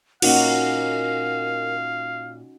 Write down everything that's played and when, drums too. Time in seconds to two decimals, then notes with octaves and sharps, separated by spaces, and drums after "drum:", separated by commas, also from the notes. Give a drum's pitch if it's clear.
0.22 A#2 C#4 D#4 F#4 A#4 F5 F#5, drum: cymbal